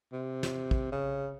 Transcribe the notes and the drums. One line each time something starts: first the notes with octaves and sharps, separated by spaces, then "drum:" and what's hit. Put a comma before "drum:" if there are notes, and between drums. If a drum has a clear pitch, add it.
C3
drum: snare
drum: kick
C#3